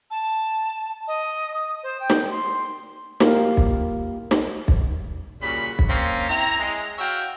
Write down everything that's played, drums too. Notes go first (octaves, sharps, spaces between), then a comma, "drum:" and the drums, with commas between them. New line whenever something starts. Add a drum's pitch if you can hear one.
A5
D#5
D#6
C5
G5
drum: snare
C6
A#3 E4 F4 G4 A#4 F5, drum: snare
drum: kick
drum: snare
drum: kick
A#2 C#3 G3 F#4 B5
drum: kick
A#3 C4 C#4
C4 E4 A#5
G#3
F#4 C#5 E5 F5 G5